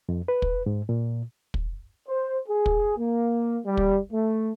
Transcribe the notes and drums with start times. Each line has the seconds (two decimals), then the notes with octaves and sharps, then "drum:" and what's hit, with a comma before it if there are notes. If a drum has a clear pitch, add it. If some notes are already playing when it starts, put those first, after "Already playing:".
0.09 F2
0.28 B4
0.42 drum: kick
0.66 G#2
0.89 A#2
1.54 drum: kick
2.07 C5
2.47 G#4
2.66 drum: kick
2.97 A#3
3.66 G3
3.77 drum: kick
4.13 A3